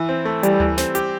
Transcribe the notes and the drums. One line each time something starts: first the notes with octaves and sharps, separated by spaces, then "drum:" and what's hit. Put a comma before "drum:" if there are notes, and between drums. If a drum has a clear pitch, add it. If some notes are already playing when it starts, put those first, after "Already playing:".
Already playing: E3 E4
C4
A3
E3 G3, drum: hi-hat
E3, drum: tom D2
C4, drum: snare
G4, drum: hi-hat